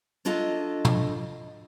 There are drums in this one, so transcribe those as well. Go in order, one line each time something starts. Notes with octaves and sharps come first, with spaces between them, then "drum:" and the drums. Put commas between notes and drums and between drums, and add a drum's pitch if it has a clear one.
F#3 D4 F4 A4 D#5 E5
drum: tom